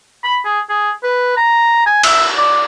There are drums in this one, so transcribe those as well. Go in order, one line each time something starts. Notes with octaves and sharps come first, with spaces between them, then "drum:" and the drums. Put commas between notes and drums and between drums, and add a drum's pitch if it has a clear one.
B5
G#4
G#4
B4
A#5
G#5
E5, drum: cymbal
D5